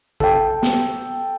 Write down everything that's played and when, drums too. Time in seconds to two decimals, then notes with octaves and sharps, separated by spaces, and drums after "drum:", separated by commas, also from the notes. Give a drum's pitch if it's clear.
0.20 A4 G5, drum: kick
0.63 drum: snare B3